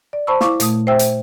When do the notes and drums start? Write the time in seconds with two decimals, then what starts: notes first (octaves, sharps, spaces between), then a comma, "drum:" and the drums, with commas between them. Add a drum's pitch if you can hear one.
0.13 D5
0.27 C5 A5 B5 C#6 E6
0.41 E4 F5 C#6 D6, drum: snare
0.60 A#2 A3 D#6, drum: hi-hat
0.87 C5 E5 G5 E6
0.99 drum: hi-hat